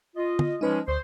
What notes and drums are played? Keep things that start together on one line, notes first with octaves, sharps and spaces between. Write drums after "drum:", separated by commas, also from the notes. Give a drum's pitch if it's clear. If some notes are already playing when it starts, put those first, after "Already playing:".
F4 D#5
drum: tom
F3 G#3 C#4 D#4 B4
D2 C5